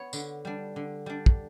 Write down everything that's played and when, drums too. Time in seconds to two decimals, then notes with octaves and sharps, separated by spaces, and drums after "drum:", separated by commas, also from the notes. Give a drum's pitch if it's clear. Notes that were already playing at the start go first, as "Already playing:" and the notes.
Already playing: B3 C#5
0.13 D3, drum: tambourine
0.45 G3 D4
0.76 D3
1.06 G3 D4
1.26 drum: kick